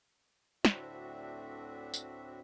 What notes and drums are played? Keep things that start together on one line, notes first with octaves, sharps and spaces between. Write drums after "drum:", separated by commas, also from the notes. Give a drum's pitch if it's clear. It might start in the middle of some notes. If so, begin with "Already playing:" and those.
D2 A2 C4 D4 F#4 E5, drum: snare
drum: tambourine